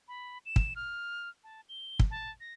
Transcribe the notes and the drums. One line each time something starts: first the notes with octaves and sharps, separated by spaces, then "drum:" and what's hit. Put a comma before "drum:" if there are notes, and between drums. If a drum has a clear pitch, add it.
B5
E7
drum: kick
F6
A5
G7
drum: kick
A5
A#6